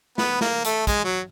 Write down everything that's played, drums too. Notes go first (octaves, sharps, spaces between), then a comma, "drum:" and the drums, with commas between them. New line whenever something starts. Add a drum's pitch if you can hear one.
B3, drum: snare
A#3, drum: snare
A3, drum: hi-hat
G#3, drum: kick, hi-hat
F#3